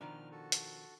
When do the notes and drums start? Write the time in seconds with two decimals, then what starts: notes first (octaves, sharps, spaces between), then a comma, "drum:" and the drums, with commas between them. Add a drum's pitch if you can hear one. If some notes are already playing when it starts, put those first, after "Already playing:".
0.01 B2 D#3 F3 D4 F6
0.31 F#4 A4
0.52 drum: hi-hat